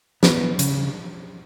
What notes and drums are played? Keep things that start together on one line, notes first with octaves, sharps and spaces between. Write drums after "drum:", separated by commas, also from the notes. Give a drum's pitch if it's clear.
E3 B3, drum: snare
C#3, drum: hi-hat